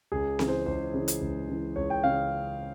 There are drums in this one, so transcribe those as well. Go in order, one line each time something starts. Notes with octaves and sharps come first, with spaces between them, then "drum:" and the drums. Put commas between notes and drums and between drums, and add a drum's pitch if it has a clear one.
C#2 G#4
C#3 E3, drum: snare C4
C5
C#2 C5
C#3 E3
drum: hi-hat
C#2
C#3 E3
C#2 C#5
G5
C#3 F5